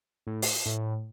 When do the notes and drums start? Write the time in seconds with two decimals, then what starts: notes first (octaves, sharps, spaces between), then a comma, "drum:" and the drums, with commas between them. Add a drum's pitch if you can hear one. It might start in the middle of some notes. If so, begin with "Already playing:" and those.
0.27 A2
0.42 drum: open hi-hat
0.66 A2